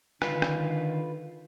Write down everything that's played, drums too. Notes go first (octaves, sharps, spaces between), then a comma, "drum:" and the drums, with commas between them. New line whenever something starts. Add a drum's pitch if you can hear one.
D3 D#3 F4 B4, drum: rim click
drum: rim click